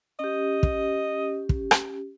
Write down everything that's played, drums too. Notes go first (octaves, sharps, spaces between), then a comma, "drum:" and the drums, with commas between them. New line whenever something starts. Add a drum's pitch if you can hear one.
C#4 G4 D#5
drum: kick
drum: kick
drum: rim click